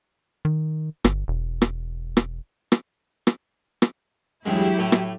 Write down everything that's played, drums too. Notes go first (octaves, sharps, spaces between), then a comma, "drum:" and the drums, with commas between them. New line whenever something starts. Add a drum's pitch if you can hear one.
D#3
G1, drum: rim click
E1
drum: rim click
drum: rim click
drum: rim click
drum: rim click
drum: rim click
E2 G2 F#3 G#3 E4 G4
A2 A3
drum: rim click